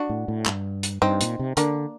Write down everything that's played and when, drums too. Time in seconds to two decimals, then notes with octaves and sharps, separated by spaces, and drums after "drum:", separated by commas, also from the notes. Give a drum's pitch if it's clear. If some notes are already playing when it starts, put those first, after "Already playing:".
Already playing: D4 F#4
0.10 A2
0.28 A2
0.46 G2, drum: clap
0.83 drum: hi-hat
1.02 G2 C4 D#4
1.21 A#2, drum: hi-hat
1.39 C3
1.57 D3 A#3 D4, drum: hi-hat